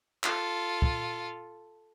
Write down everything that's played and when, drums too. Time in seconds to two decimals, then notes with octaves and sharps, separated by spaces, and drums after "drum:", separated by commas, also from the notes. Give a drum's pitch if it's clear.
0.24 F4 A4, drum: clap
0.82 drum: kick